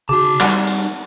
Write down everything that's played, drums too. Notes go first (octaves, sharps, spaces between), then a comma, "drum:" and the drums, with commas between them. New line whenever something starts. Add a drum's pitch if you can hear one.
C#3 D#4 F#4 A5 D6
G3 F#5, drum: clap
drum: hi-hat